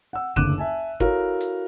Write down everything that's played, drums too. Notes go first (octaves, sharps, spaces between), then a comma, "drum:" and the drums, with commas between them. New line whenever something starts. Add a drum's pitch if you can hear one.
F#5 E6
F#1 D2 D6 F#6 D#7 E7, drum: kick
E5 G#5 A5
E4 F#4 A4 A#4 C#5 F5, drum: kick
drum: hi-hat